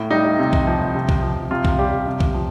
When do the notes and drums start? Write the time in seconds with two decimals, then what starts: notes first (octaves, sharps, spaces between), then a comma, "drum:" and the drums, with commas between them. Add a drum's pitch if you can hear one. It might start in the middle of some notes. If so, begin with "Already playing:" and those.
Already playing: A2
0.10 G3 D#4
0.39 C3
0.53 drum: kick B1
0.67 F3
0.95 C3
1.09 drum: kick B1
1.22 F3
1.51 C3 F4
1.65 drum: kick B1
1.78 G3 G4
2.07 C3
2.20 drum: kick B1
2.34 F3